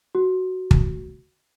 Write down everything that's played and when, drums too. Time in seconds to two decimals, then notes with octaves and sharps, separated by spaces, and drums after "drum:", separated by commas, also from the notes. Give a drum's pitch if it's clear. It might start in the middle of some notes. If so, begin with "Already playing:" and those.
0.15 F#4
0.71 drum: kick